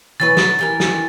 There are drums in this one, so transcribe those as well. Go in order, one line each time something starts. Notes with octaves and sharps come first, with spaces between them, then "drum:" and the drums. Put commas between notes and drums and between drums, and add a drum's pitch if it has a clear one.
E3 F#3 B4 A6
F#3, drum: snare
E3 G4 A#4
drum: snare